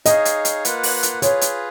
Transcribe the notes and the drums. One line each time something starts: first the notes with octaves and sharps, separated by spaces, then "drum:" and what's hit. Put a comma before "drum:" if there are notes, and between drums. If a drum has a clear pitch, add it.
D#4 G#4 C#5 D#5 F5, drum: hi-hat
drum: hi-hat
drum: hi-hat
A#3 F4 B4 F#5, drum: hi-hat
drum: open hi-hat
drum: hi-hat
F4 G#4 B4 C#5, drum: hi-hat
drum: hi-hat